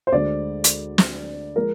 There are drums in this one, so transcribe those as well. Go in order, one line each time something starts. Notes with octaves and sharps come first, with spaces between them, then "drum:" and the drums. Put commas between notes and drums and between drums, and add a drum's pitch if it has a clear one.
C5
D2 D3 G#3 D5
drum: hi-hat
drum: snare
F3 G#3 A#4